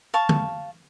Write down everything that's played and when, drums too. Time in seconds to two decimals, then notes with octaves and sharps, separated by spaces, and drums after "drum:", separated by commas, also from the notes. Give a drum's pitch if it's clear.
0.14 F5 A5 C#6
0.29 drum: tom